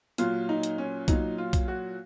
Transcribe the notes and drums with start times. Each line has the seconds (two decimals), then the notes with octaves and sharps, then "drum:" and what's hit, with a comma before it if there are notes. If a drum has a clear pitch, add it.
0.18 A#2 F#3 F4, drum: hi-hat
0.49 D#4
0.63 drum: hi-hat
0.78 C#4
1.08 A#2 F#3 D#4, drum: kick B1, hi-hat
1.38 F4
1.53 drum: kick B1, hi-hat
1.68 F#4